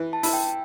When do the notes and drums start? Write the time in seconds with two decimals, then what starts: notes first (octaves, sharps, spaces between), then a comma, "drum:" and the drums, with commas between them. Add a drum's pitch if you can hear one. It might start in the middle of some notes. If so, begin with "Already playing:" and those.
Already playing: E3
0.13 A5
0.23 E4, drum: open hi-hat
0.33 G5